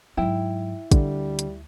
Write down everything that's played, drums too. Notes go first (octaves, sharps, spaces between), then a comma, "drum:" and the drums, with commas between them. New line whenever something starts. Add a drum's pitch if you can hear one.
G#2 F#3 E4 G5
D2 D3 G3, drum: kick, hi-hat
drum: hi-hat